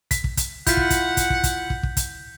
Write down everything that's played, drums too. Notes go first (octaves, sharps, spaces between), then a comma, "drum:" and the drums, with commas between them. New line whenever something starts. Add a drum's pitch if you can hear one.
B6, drum: kick, hi-hat
drum: kick
drum: kick, hi-hat
E4 F4 F#5 G6 B6, drum: kick, hi-hat
drum: kick
drum: kick, hi-hat
drum: kick, hi-hat
drum: kick
drum: kick, hi-hat
drum: kick
drum: kick
drum: kick, hi-hat